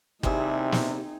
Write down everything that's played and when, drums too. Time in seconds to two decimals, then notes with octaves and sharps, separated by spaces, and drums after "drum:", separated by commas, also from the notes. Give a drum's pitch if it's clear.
0.23 D#2 C3 G3 C4 D#4 E4 G#4 E5, drum: kick G1
0.72 drum: snare